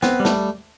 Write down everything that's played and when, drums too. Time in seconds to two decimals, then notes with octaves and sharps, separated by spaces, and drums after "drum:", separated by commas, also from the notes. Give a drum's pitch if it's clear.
0.03 B3 C4, drum: snare
0.20 G3
0.25 A3, drum: snare